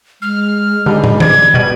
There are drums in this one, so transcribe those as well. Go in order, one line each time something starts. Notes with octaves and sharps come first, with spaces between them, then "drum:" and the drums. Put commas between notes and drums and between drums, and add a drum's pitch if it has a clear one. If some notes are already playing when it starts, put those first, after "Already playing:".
G#3 F6
D3 G3 D#4 G#4
drum: tom
D5 G#6, drum: tom
B2 G3 D7 D#7 F#7